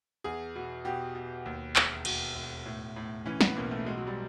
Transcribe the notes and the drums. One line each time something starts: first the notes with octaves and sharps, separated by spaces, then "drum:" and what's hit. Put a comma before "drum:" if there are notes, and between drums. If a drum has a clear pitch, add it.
E2 G#4
B2
B2 G4
B2
D#2
E1, drum: clap
E1 F#4, drum: cymbal
E1
A2
A2
E3 C#4
B3, drum: snare
B1 A#3
A3
B2 G#3
F#3
G3